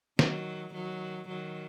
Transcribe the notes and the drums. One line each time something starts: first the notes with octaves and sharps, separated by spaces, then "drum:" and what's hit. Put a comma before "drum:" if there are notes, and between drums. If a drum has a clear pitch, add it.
D#3 F#3, drum: snare
D#3 F#3
D#3 F#3